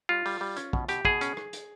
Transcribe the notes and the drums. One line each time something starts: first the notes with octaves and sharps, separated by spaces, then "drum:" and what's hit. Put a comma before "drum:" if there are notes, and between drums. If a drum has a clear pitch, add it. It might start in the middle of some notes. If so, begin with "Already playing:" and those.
G3 F4
G3, drum: open hi-hat
G3
C#4, drum: hi-hat
B2, drum: kick
B2 G4, drum: hi-hat
B2 G#4, drum: kick
C#4, drum: hi-hat
drum: rim click
drum: hi-hat